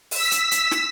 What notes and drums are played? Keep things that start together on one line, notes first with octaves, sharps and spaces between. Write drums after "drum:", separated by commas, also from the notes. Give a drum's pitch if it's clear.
E6 B6, drum: open hi-hat
drum: hi-hat
drum: hi-hat
drum: snare